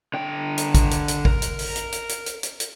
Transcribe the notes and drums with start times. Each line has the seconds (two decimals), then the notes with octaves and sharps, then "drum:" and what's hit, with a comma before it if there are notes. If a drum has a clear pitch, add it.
0.14 D3 G5
0.58 drum: hi-hat
0.74 drum: kick A1, hi-hat
0.91 drum: hi-hat
1.08 drum: hi-hat
1.25 A#4, drum: kick A1
1.42 drum: hi-hat
1.59 drum: open hi-hat
1.76 drum: hi-hat
1.92 drum: hi-hat
2.09 drum: hi-hat
2.26 drum: hi-hat
2.43 drum: hi-hat
2.60 drum: hi-hat